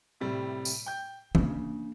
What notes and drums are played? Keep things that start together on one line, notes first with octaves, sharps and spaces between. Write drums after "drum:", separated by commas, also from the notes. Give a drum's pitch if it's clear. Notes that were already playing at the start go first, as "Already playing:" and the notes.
A2 C3 G3
drum: tambourine
G5 G6
C#3 A#3 D4, drum: tom E3